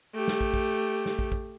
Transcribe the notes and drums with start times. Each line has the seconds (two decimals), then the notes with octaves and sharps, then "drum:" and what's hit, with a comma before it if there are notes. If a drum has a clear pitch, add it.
0.15 A3 G4
0.28 drum: snare
0.41 drum: kick
0.54 drum: kick
1.06 drum: snare
1.19 drum: kick
1.32 drum: kick